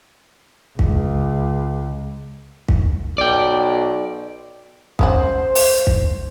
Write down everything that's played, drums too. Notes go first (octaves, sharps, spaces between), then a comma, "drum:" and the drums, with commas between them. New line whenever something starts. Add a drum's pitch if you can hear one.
C#2, drum: kick
drum: kick
B1 D5 G5
G#3 C#4 F#4 C5, drum: kick
drum: open hi-hat
drum: kick